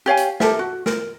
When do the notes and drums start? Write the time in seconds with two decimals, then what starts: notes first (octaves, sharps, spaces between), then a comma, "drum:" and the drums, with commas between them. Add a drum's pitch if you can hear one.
0.06 G4 C#5 F5 G#5
0.17 drum: hi-hat
0.40 G4 A4 A#4 E5, drum: snare
0.59 F#4
0.86 A#4, drum: snare